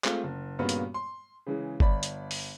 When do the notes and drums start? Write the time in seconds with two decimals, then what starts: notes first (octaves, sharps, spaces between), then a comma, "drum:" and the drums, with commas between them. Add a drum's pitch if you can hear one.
0.04 G#3 A3 C4 F4, drum: clap
0.24 F#1
0.59 G2 A#2 C#3 A#3 B3 F#4
0.69 drum: hi-hat
0.94 C6
1.47 C#3 E3 G#3
1.80 G1 D5 B5, drum: kick G1
2.03 drum: hi-hat
2.31 drum: open hi-hat